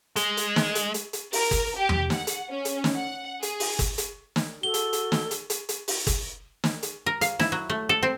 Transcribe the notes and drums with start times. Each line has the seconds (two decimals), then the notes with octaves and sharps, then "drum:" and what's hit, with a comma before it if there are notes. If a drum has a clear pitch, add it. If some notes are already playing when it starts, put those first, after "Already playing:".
0.16 G#3, drum: hi-hat
0.37 drum: hi-hat
0.56 drum: snare
0.75 drum: hi-hat
0.94 drum: hi-hat
1.13 drum: hi-hat
1.33 A#4, drum: open hi-hat
1.51 drum: kick G1, hi-hat
1.76 G4
1.89 drum: tom E2
2.10 F#5, drum: snare
2.27 drum: hi-hat
2.50 C#4
2.65 drum: hi-hat
2.84 drum: snare
2.95 F#5
3.43 G#4, drum: hi-hat
3.60 drum: open hi-hat
3.79 drum: kick G1, hi-hat
3.98 drum: hi-hat
4.36 drum: snare
4.63 F#4 A4 G7
4.74 drum: hi-hat
4.93 drum: hi-hat
5.12 drum: snare
5.31 drum: hi-hat
5.50 drum: hi-hat
5.69 drum: hi-hat
5.88 drum: open hi-hat
6.07 drum: kick G1, hi-hat
6.64 drum: snare
6.83 drum: hi-hat
7.06 A#4
7.21 F5, drum: hi-hat
7.39 E4, drum: snare
7.52 F#3
7.70 A3
7.89 A4
8.03 C4